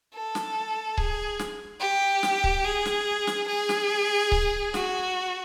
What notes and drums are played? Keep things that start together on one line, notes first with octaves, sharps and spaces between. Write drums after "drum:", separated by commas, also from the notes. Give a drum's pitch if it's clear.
A4
drum: snare
G#4, drum: kick C#1
drum: snare
G4
drum: snare
drum: kick C#1
G#4
drum: snare
drum: snare
G#4
drum: snare
drum: kick C#1
F#4, drum: snare